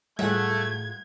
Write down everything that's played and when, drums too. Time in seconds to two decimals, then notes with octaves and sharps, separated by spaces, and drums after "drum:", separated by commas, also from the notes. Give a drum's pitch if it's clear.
0.19 A2 A3 F4 G#4 E5 F#5 F#6 G#6, drum: tom G3